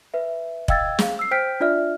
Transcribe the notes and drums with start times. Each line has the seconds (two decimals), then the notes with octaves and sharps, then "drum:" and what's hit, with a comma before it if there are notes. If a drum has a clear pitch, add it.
0.14 B4 E5
0.68 D#5 F5 G5 E6 G#6 A6, drum: kick
0.99 G#4 F5, drum: snare
1.19 E6 C7
1.31 C5 G5 F6 G6 B6 D7
1.60 D4 F4 D5 E5 F6